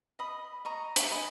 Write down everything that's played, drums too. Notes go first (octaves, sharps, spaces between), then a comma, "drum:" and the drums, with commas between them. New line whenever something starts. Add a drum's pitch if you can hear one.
D#5 B5 D#6
D#5 A#5 C#6
drum: hi-hat
D#5 G#5 B5